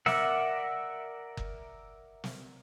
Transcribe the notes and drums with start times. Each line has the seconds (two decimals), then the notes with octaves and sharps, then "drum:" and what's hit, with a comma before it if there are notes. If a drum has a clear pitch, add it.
0.06 A#4 D5 E5 F#5, drum: snare
1.37 drum: kick F#1
2.24 drum: snare